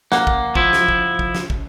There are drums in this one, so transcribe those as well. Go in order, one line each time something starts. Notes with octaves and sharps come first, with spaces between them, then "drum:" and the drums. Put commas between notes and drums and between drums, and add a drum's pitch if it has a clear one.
A#3 F#5, drum: snare
drum: kick
F3 E4, drum: kick
drum: snare
drum: kick
drum: kick
drum: snare
drum: kick